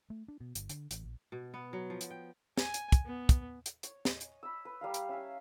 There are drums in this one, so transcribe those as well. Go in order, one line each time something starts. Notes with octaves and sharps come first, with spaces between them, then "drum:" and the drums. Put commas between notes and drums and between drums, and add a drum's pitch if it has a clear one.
A3
D4
B2
G1, drum: hi-hat
D3, drum: hi-hat
A1, drum: hi-hat
A#1
B2
B3
F#3
F3
drum: hi-hat
G5
G#5, drum: snare
drum: hi-hat
drum: kick, hi-hat
B3
drum: kick, hi-hat
drum: hi-hat
C#5, drum: hi-hat
D#5 G#5, drum: snare
drum: hi-hat
B5 E6
B4
G3 A#4 F5
drum: hi-hat
C#4 E5 F5 G#5